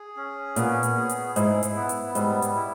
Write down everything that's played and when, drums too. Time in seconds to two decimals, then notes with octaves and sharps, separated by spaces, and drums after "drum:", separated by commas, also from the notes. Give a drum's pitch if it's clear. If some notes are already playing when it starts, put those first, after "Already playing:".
Already playing: G#4
0.17 C#4
0.56 A#2 B3, drum: hi-hat
0.83 drum: hi-hat
0.97 G#4
1.09 drum: hi-hat
1.36 G#2 E4, drum: hi-hat
1.63 drum: hi-hat
1.76 B3
1.89 drum: hi-hat
2.15 G#2 G3, drum: hi-hat
2.42 drum: hi-hat
2.56 E4